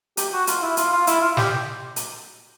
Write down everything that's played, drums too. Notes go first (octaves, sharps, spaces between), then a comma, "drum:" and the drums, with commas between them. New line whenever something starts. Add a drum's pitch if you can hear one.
G4, drum: hi-hat
F#4
F4, drum: hi-hat
E4
F4, drum: hi-hat
F4
E4, drum: hi-hat
F4
G4, drum: snare
drum: hi-hat